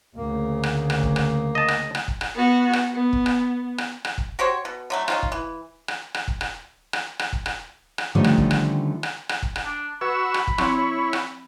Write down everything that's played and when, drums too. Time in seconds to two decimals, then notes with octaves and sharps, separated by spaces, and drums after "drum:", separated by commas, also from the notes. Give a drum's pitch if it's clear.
0.16 D2 C#3 A#3
0.63 drum: rim click
0.90 drum: rim click
1.03 drum: kick
1.16 drum: rim click
1.55 D#5 A5
1.68 drum: rim click
1.95 drum: rim click
2.08 drum: kick
2.21 drum: rim click
2.35 B3 F#4
2.73 drum: rim click
2.94 B3
3.13 drum: kick
3.26 drum: rim click
3.78 drum: rim click
4.05 drum: rim click
4.18 drum: kick
4.39 F#4 G4 C5 C#5
4.65 B2
4.90 D3 F#3 A3
5.08 C#4 D#4 F4, drum: rim click
5.23 drum: kick
5.32 E3
5.88 drum: rim click
6.14 drum: rim click
6.28 drum: kick
6.41 drum: rim click
6.93 drum: rim click
7.19 drum: rim click
7.33 drum: kick
7.46 drum: rim click
7.98 drum: rim click
8.15 D3 D#3 F3 G3 A3 C#4
8.24 drum: rim click
8.37 drum: kick
8.51 drum: rim click
9.03 drum: rim click
9.29 drum: rim click
9.42 drum: kick
9.56 drum: rim click
9.65 D4
10.01 F#4 B4 B5 C#6 E6
10.34 drum: rim click
10.47 drum: kick
10.58 F3 C4 E4 C#5 C6, drum: rim click
11.13 drum: rim click